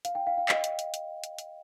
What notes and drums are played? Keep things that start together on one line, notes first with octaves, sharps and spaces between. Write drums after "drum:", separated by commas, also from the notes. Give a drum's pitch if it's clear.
F5, drum: hi-hat
G5
F5
F5
D#5, drum: clap
drum: hi-hat
drum: hi-hat
drum: hi-hat
drum: hi-hat
drum: hi-hat